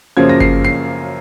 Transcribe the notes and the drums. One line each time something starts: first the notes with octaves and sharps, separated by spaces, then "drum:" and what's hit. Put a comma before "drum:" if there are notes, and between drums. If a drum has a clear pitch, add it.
F#2 C#3 F3 A#3 G#6
A#6
C7, drum: kick G1
C7